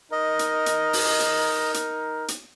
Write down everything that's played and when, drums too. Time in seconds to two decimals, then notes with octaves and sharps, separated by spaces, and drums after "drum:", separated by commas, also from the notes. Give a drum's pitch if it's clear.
0.12 D#4 A#4 D#5
0.39 drum: hi-hat
0.66 drum: hi-hat
0.93 drum: open hi-hat
1.20 drum: hi-hat
1.74 drum: hi-hat
2.28 drum: hi-hat